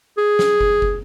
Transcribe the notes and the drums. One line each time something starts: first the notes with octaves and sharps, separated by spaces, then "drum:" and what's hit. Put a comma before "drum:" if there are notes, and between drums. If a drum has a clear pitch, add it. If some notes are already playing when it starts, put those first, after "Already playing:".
G#4
drum: snare
drum: kick
drum: kick